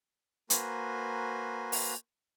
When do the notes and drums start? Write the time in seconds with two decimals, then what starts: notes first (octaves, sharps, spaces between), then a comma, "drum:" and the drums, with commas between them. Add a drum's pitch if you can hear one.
0.50 A#3 F#4 B4 C5 G#5 A#5, drum: hi-hat
1.72 drum: open hi-hat